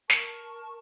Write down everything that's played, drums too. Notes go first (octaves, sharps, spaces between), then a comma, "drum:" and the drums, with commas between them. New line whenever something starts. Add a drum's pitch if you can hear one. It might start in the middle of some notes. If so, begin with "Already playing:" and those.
A#4 A5 C#6, drum: snare